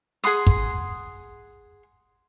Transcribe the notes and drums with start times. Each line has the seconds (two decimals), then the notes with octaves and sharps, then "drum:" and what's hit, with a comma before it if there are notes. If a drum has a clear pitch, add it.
0.24 G#4 F#5 C6 D#6
0.47 drum: kick